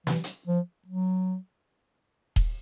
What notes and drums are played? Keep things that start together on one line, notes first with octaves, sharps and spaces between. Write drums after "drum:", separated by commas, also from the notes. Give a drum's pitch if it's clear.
E3, drum: snare
drum: hi-hat
F3
F#3
drum: kick D#1